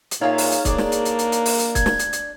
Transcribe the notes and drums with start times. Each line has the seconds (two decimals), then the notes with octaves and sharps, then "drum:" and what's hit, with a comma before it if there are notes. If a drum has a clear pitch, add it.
0.11 drum: hi-hat
0.21 A#2 D#4 G#4 C#5 E5 F5 A#5
0.38 drum: open hi-hat
0.52 drum: hi-hat
0.65 A#3 D4 G#4 D5, drum: kick, hi-hat
0.78 drum: snare
0.92 drum: hi-hat
1.05 drum: hi-hat
1.19 drum: hi-hat
1.32 drum: hi-hat
1.46 drum: open hi-hat
1.59 drum: hi-hat
1.75 G#6, drum: kick, hi-hat
1.86 drum: snare
1.99 drum: hi-hat
2.13 drum: hi-hat